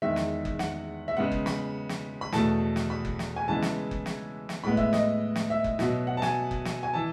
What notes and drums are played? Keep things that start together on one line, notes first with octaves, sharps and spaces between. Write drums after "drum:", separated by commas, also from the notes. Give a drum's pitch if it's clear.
E2 D#3 G#3 E5
drum: snare
drum: kick F#1
F#5, drum: snare
E5
C#3 G#3 B3 F#5
drum: kick F#1
B5, drum: snare
drum: snare
B5
E2 B2 A3 A5, drum: snare
drum: snare
B5
drum: kick F#1
drum: snare
G#5
C#3 E3 G#3 B3 A5
drum: snare
drum: kick F#1
drum: snare
drum: snare
A2 G#3 B3 B5
E5, drum: kick F#1
D#5, drum: snare
drum: snare
E5
drum: kick F#1
B2 F#3 B3, drum: snare
F#5
A5
G#5, drum: snare
drum: kick F#1
drum: snare
G#5
E3 A5